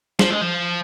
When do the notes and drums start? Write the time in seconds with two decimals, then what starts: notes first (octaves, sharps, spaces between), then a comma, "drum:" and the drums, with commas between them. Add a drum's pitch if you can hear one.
0.19 F3, drum: snare
0.30 G#3
0.41 F3